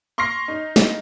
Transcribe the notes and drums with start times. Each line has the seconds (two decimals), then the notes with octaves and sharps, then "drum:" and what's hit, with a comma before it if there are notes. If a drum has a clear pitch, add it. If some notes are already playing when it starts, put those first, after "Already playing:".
0.18 C6 C#6 F6 A#6 C7
0.48 D#4
0.76 drum: snare